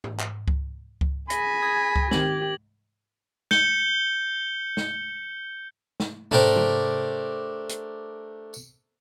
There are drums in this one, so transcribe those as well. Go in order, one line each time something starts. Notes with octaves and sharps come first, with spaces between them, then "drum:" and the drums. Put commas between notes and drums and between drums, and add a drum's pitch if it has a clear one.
drum: tom G#2
drum: clap
drum: kick C#2
drum: kick C#2
G#4 G#5 B5 A#6, drum: hi-hat
D#6 G#6 A#6
drum: kick C#2
D#3 C4 G4 G#6 F#7, drum: snare
G6 C#7 G7, drum: snare
drum: snare
drum: snare
A3 D4 G4 A#4 C5, drum: tom G#2
drum: tom
drum: hi-hat
drum: tambourine